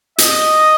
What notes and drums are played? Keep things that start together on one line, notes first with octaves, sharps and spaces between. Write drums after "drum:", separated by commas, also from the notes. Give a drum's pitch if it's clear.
D#5, drum: hi-hat